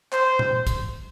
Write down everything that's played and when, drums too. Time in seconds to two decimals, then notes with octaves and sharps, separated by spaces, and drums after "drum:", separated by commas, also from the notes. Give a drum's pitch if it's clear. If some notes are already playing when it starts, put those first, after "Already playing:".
0.12 C5, drum: clap
0.39 drum: tom A#2
0.67 drum: kick, hi-hat